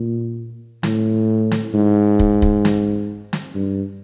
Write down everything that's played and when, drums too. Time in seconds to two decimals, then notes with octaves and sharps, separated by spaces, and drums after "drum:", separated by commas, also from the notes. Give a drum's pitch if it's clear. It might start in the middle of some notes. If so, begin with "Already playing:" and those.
Already playing: A#2
0.83 A2, drum: snare
1.51 drum: snare
1.74 G#2
2.19 drum: kick
2.42 drum: kick
2.65 drum: snare
3.33 drum: snare
3.55 G2